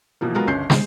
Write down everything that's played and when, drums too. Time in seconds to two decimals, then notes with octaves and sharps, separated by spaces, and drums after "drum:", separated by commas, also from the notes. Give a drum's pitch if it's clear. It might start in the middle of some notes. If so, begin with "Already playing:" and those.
0.21 B2 E3 F3 A#3
0.35 F#3 G#3 B3 F4 F#4 A#4
0.47 G1 C#2 C#4 G6 C7
0.70 G#3, drum: snare